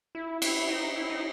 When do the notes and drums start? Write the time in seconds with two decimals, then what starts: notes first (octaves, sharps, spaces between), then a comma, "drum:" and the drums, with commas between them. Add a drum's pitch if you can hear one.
0.15 E4
0.42 E4, drum: cymbal
0.69 D#4
0.96 E4
1.10 D#4